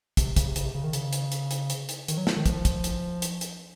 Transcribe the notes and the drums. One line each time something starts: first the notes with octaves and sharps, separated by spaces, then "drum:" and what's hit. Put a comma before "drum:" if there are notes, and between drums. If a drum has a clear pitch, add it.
C3, drum: kick, hi-hat
C#3, drum: kick, hi-hat
C3
C#3, drum: hi-hat
C3
C#3
D#3
C#3, drum: hi-hat
drum: hi-hat
drum: hi-hat
drum: hi-hat
drum: hi-hat
drum: hi-hat
D#3, drum: hi-hat
F#3
F3, drum: snare
D#3
F3, drum: kick, hi-hat
drum: kick, hi-hat
drum: hi-hat
drum: hi-hat
drum: hi-hat